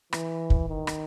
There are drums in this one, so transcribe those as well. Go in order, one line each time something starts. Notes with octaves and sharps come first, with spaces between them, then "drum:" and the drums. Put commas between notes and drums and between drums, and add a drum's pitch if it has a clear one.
E3, drum: rim click
drum: kick
D#3
drum: rim click